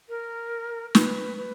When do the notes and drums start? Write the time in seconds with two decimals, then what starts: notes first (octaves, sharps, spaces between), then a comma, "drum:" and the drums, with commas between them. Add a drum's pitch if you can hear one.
0.09 A#4
0.95 B4, drum: snare
1.37 B4